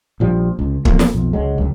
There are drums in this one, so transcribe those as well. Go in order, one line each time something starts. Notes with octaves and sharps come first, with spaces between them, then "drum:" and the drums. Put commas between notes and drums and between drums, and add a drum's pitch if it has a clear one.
A#1 F3 G3
C#2
E2 F3 A3 A#3, drum: kick
drum: snare
B1 F2
C#2 F#3 G#3
C#2 F#2